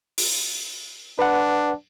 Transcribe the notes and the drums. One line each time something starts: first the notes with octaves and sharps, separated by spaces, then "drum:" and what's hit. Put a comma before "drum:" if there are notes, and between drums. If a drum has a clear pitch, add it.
drum: open hi-hat
D4 B4 F#5